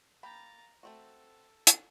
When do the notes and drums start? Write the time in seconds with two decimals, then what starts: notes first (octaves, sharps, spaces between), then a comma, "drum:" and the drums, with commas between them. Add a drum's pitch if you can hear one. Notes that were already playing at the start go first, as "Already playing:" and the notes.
0.23 A#3 G5 A#5 B5 A6
0.83 A3 C4 F#4 A4
1.67 drum: hi-hat